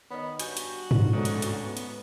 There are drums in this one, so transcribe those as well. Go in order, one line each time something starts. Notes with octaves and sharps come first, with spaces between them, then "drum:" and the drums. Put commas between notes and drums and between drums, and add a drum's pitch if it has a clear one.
D#3 B3 C#5 D#5
G2 F#4 G#5 G6, drum: hi-hat
drum: hi-hat
drum: tom G2
D2 G#2 A3 C#4 A4
drum: hi-hat
drum: hi-hat
B3
drum: hi-hat